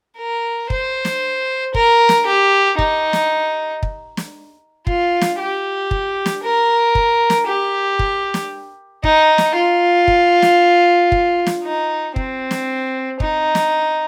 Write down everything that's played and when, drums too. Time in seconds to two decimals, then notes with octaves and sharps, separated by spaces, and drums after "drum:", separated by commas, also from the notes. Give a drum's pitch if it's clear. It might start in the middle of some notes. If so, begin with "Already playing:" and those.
0.18 A#4
0.70 C5, drum: kick
1.05 drum: snare
1.74 A#4, drum: kick
2.09 drum: snare
2.26 G4
2.79 D#4, drum: kick
3.13 drum: snare
3.83 drum: kick
4.17 drum: snare
4.87 F4, drum: kick
5.21 drum: snare
5.39 G4
5.91 drum: kick
6.26 drum: snare
6.43 A#4
6.95 drum: kick
7.30 drum: snare
7.47 G4
7.99 drum: kick
8.34 drum: snare
9.04 D#4, drum: kick
9.38 drum: snare
9.55 F4
10.08 drum: kick
10.42 drum: snare
11.12 drum: kick
11.47 drum: snare
11.64 D#4
12.16 C4, drum: kick
12.51 drum: snare
13.20 D#4, drum: kick
13.55 drum: snare